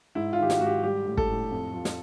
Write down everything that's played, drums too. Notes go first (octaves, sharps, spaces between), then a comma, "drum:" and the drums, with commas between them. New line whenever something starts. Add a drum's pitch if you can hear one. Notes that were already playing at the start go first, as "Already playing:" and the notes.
G#2 E4
F4
D#3 G4
F#4, drum: snare
G#2 F#4
G4
G3 G4
A2
A4, drum: kick
A2
F2
F3
drum: snare